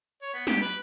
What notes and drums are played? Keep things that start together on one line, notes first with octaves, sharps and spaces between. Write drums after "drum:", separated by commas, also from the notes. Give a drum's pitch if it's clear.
C#5
B3
G4, drum: snare
B4